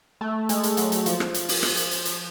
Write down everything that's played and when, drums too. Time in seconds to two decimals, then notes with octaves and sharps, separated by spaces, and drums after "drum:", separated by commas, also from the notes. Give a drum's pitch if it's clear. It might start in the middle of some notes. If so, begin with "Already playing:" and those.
0.21 A3
0.49 G#3, drum: hi-hat
0.63 drum: hi-hat
0.77 F#3, drum: hi-hat
0.92 drum: hi-hat
1.06 F3, drum: hi-hat
1.20 drum: rim click
1.34 drum: hi-hat
1.49 drum: open hi-hat
1.63 drum: rim click
1.77 drum: hi-hat
1.91 drum: hi-hat
2.05 drum: hi-hat